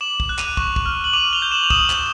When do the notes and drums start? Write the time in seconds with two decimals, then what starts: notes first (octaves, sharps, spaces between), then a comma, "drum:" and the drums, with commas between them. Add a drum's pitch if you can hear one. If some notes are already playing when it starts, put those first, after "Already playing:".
0.01 D6 E7 F#7
0.20 drum: kick
0.29 F#6
0.38 D#7 F7, drum: clap
0.57 C#6, drum: kick
0.76 drum: kick
0.86 F6
1.04 F#7
1.13 D6 D#7 F7
1.33 F7 G7
1.42 G6
1.51 E7 F#7
1.64 F7
1.70 D#6 E7 F#7, drum: kick
1.90 E7, drum: clap